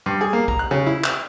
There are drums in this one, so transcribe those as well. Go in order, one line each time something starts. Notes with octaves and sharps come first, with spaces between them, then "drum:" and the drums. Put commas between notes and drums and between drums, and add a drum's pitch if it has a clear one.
G2
G#4
A#3
A#5, drum: kick
F#6
C#3
E4
F#6, drum: clap